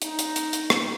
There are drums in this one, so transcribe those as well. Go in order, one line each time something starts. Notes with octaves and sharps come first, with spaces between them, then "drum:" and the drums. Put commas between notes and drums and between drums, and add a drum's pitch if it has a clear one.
D#4, drum: hi-hat
drum: hi-hat
drum: hi-hat
drum: hi-hat
drum: rim click